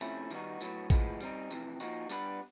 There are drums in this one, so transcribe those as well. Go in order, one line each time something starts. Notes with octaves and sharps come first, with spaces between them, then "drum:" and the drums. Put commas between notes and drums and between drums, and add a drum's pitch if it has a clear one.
C3 F3 A3 C#4 E4, drum: tambourine
D#3 G3 B3 D#4 F#4, drum: tambourine
A2 F#3 B3, drum: tambourine
A2 F3 G#3 B3, drum: kick A1, tambourine
G3 C4 D#4, drum: tambourine
F2 C3 E3, drum: tambourine
F3 A#3 D#4 F#4, drum: tambourine
G3 B3 D4 G4 B4, drum: tambourine